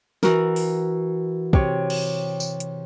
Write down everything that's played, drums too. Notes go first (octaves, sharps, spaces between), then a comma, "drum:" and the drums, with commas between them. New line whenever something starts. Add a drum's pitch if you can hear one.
E3 F#4 A#4, drum: snare
drum: open hi-hat
C3 C#5, drum: kick
drum: cymbal
drum: tambourine
drum: hi-hat